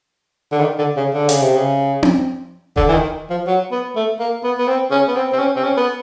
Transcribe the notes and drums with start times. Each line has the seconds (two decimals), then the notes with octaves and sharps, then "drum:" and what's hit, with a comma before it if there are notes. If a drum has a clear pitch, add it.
0.52 D3
0.61 D#3
0.78 D3
0.97 C#3
1.14 D3
1.29 C#3, drum: hi-hat
1.42 C3
1.56 C#3
2.03 drum: tom C4
2.76 D3, drum: kick E1
2.88 E3
2.94 D#3
3.30 F3
3.47 F#3
3.71 B3
3.96 A3
4.19 A#3
4.44 B3
4.58 B3
4.67 C4
4.91 C#4
5.08 B3
5.16 C4
5.32 C4
5.39 C#4
5.56 C4
5.64 C#4
5.77 B3